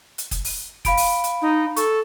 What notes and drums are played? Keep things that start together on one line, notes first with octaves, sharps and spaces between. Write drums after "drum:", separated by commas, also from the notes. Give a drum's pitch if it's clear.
drum: hi-hat
drum: kick F#1, hi-hat
drum: open hi-hat
F5 B5 D7, drum: kick F#1, hi-hat
drum: open hi-hat
drum: hi-hat
D#4
A4 C#6, drum: hi-hat